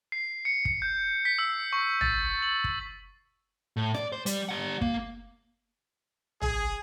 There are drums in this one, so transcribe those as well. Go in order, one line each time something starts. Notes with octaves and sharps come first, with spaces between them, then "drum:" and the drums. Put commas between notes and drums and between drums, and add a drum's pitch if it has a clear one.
C7
C#7
C#7, drum: kick
G6
B6
E6
C#6
A6, drum: tom
F#7
drum: kick
A2
D5, drum: rim click
C5
G3, drum: hi-hat
G3 F#5
A#3, drum: kick
G#4, drum: tom